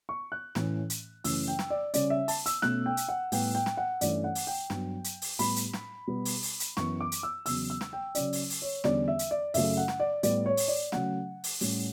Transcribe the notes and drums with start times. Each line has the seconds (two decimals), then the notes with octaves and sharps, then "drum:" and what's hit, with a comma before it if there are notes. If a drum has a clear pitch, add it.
0.09 C#6
0.32 F#6
0.55 A2 E3 A3 C#4, drum: snare
0.90 drum: hi-hat
1.24 F#2 C#3 E3 A3 C#4 E6, drum: open hi-hat
1.48 G5
1.59 drum: snare
1.70 D5
1.94 C#3 G3 C#4 D5, drum: hi-hat
2.10 E5
2.28 A5, drum: open hi-hat
2.46 E6, drum: hi-hat
2.62 B2 A3 C#4 F#6, drum: snare
2.86 G5
2.97 drum: hi-hat
3.08 F#5
3.32 A2 G3 B3 G5, drum: open hi-hat
3.55 G5
3.66 drum: snare
3.77 F#5
4.01 G2 E3 A3 C#4 D5, drum: hi-hat
4.24 F#5
4.35 drum: open hi-hat
4.47 G5
4.70 G2 F#3 B3, drum: snare
5.04 drum: hi-hat
5.22 drum: open hi-hat
5.39 A2 G3 B3 B5, drum: open hi-hat
5.56 drum: hi-hat
5.73 drum: snare
6.07 B2 G3 B3
6.25 drum: open hi-hat
6.43 drum: open hi-hat
6.60 drum: hi-hat
6.77 F#2 E3 B3 C#6, drum: snare
7.01 D6
7.12 drum: hi-hat
7.23 E6
7.46 E2 C#3 F#3 E6, drum: open hi-hat
7.70 E6
7.81 drum: snare
7.93 G5
8.15 C#3 F#3 C#4 D5, drum: hi-hat
8.33 drum: open hi-hat
8.50 drum: open hi-hat
8.62 C#5
8.84 E2 D3 G3 C#4 D5, drum: snare
9.08 E5
9.19 drum: hi-hat
9.31 D5
9.54 F#2 C#3 F#3 A3 E5, drum: open hi-hat
9.77 F#5
9.88 drum: snare
10.00 D5
10.23 A2 G3 B3 D5, drum: hi-hat
10.46 C#5
10.57 drum: open hi-hat
10.68 D5
10.92 C#3 F#3 A3 C#4 F#5, drum: snare
11.44 drum: open hi-hat
11.61 A2 G3 C#4, drum: open hi-hat